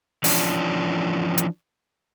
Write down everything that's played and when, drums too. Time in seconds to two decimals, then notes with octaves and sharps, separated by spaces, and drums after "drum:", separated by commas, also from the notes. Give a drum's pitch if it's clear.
0.24 E3 F3 C#4 D4, drum: open hi-hat
1.38 drum: hi-hat